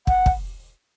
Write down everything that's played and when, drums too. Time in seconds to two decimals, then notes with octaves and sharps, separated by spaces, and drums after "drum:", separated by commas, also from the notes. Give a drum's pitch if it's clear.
0.07 F#5, drum: kick
0.26 drum: kick